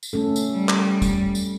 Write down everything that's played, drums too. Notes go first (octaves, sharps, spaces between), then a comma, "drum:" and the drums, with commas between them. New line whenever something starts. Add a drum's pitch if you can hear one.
drum: tambourine
A3 C#4 A4
drum: tambourine
G3
drum: clap
drum: kick, tambourine
drum: tambourine